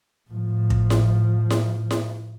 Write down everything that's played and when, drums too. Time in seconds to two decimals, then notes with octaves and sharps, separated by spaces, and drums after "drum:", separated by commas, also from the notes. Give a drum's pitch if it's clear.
0.30 A2 F3
0.70 drum: kick
0.90 drum: snare E4
1.50 drum: snare E4
1.91 drum: snare E4